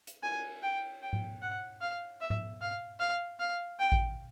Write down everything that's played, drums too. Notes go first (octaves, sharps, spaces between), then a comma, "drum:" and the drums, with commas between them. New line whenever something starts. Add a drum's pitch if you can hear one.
drum: hi-hat
G#5, drum: cymbal
G5
G5
drum: tom G#2
F#5
F5
E5
drum: tom G#2
F5
F5
F5
G5
drum: kick A1